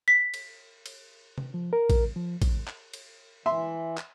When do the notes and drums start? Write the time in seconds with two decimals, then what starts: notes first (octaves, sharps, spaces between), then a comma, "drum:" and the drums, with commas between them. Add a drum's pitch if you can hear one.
0.08 B6
0.34 drum: cymbal
0.86 drum: cymbal
1.38 drum: tom
1.54 F3
1.73 A#4
1.90 drum: kick, cymbal
2.16 F3
2.42 drum: kick, cymbal
2.68 drum: clap
2.94 drum: cymbal
3.46 E3 E5 C6
3.97 drum: clap